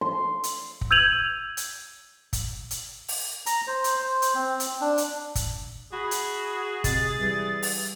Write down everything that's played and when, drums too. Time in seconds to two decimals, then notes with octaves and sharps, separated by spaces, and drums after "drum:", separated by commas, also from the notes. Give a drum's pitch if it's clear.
0.01 C6
0.44 drum: hi-hat
0.81 drum: kick
0.91 E6 G6 G#6 D#7 F7 F#7
1.57 drum: hi-hat
2.33 drum: kick, hi-hat
2.71 drum: hi-hat
3.08 drum: open hi-hat
3.46 A#5, drum: hi-hat
3.67 C5
3.84 drum: hi-hat
3.96 C5
4.22 drum: hi-hat
4.35 C4
4.60 drum: hi-hat
4.81 D4
4.98 drum: hi-hat
5.35 drum: kick, hi-hat
5.93 F#4 G#4 B5
6.11 drum: hi-hat
6.84 C3 G#3 A6, drum: kick, hi-hat
7.20 E3 G3
7.63 drum: open hi-hat